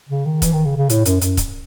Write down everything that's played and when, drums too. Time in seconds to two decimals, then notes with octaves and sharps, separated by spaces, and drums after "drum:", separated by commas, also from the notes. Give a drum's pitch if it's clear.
0.09 C#3
0.26 D#3
0.42 E3, drum: kick, hi-hat
0.53 D#3
0.65 C#3
0.77 C#3
0.89 A2, drum: hi-hat
1.05 F#2, drum: hi-hat
1.21 F#2, drum: hi-hat
1.37 drum: kick, hi-hat